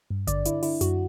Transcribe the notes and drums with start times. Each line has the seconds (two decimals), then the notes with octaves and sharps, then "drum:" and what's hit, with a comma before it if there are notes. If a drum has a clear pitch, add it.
0.10 G2
0.27 D3 D5, drum: kick G#1, hi-hat
0.45 D3 E4, drum: hi-hat
0.63 D3 E4, drum: open hi-hat
0.81 F#2 F#4, drum: hi-hat